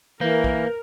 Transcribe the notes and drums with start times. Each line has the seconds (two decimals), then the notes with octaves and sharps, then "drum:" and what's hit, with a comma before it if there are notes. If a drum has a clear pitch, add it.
0.21 E3 A#3 A#4 B4 G6
0.44 drum: kick